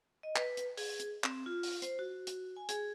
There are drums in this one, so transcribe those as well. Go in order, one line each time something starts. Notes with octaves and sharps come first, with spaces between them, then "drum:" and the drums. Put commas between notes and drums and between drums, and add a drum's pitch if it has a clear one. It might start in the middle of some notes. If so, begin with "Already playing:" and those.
D#5
B4, drum: clap
drum: hi-hat
G#4, drum: open hi-hat
drum: hi-hat
C4, drum: clap
F4
drum: open hi-hat
C5, drum: hi-hat
F#4
drum: hi-hat
G#5
G#4, drum: hi-hat